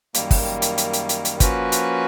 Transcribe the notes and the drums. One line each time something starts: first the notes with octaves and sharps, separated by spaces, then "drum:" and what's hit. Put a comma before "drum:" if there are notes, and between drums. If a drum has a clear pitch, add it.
F#2 D#3 G3 A#3, drum: hi-hat
drum: kick, open hi-hat
drum: hi-hat
drum: hi-hat
drum: hi-hat
drum: hi-hat
drum: hi-hat
F3 A#3 C#4 F#4 B4, drum: kick, hi-hat
drum: hi-hat